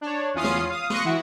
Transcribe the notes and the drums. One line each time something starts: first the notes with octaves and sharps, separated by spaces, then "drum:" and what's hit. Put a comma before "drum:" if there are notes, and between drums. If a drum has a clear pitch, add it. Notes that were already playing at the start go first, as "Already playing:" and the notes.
D4 C#5
E2 C#4 F4 D#6 C7
drum: snare
F5 D#6
C6 C#6 D#6 F#6 A#6 C#7, drum: snare
E3 E4 F#4